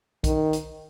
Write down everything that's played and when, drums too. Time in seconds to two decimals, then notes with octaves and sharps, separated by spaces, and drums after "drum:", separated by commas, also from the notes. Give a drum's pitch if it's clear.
0.24 D#3, drum: kick B1, hi-hat
0.53 drum: hi-hat